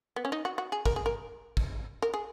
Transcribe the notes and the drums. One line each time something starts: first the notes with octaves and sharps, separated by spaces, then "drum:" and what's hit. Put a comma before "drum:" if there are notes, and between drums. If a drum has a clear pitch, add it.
B3
C#4
D#4
F#4
F#4
G#4
A#4, drum: kick
G#4
A#4
drum: kick
A#4
G#4